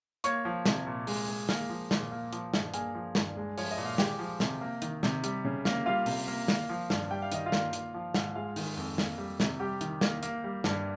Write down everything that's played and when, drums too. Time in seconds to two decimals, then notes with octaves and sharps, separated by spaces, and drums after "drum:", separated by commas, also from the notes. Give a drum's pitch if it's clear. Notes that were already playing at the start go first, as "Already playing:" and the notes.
0.24 A#3 C#5 C#6, drum: hi-hat
0.45 F3
0.65 C3, drum: snare
0.87 A#2
1.07 G#3, drum: open hi-hat
1.28 G#3
1.49 A#3, drum: snare
1.69 F3
1.91 A#2, drum: snare
2.12 A#3
2.33 F3, drum: hi-hat
2.54 G2, drum: snare
2.74 A#3 G#4 G#5, drum: hi-hat
2.95 F3
3.15 G2, drum: snare
3.37 G#3
3.58 F3 C#5, drum: open hi-hat
3.71 D#5
3.78 A#2
3.85 F5
3.98 G#3 G4 G5, drum: snare
4.19 F3
4.40 C3, drum: snare
4.61 A#3
4.82 D#3, drum: hi-hat
5.03 C3, drum: snare
5.24 G3, drum: hi-hat
5.45 C#3
5.65 A#3, drum: snare
5.86 G3 F4 F5
6.06 C3, drum: open hi-hat
6.28 A#3
6.48 A#3, drum: snare
6.69 F3
6.90 G2, drum: snare
7.11 G3 G5
7.22 F5
7.32 D#3 D#5, drum: hi-hat
7.46 F4 F5
7.52 A#3, drum: snare
7.73 A#3, drum: hi-hat
7.94 F3
8.14 G#2, drum: snare
8.35 G#3 F4 F5
8.56 D#3, drum: open hi-hat
8.77 F2
8.98 A#3, drum: snare
9.18 G3
9.40 C3, drum: snare
9.60 G3 G4 G5
9.81 D#3, drum: hi-hat
10.01 A#3, drum: snare
10.23 A#3, drum: hi-hat
10.44 G3
10.64 G2, drum: snare